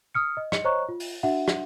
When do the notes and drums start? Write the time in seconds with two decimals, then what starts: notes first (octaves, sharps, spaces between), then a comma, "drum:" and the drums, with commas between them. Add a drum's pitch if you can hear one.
0.15 D#6 F6 C#7
0.37 D#5
0.52 D#5 C#7, drum: rim click
0.65 C5 C#5 D#5 A#5 C#6 F#6
0.89 F4
1.00 drum: open hi-hat
1.23 D4 F#4 E5 F#5
1.48 drum: rim click